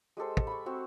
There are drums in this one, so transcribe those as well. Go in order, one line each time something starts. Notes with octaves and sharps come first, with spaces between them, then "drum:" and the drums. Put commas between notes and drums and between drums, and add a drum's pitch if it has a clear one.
G#3 G4 A4 C5
drum: kick
B5 C#6
C4 F#4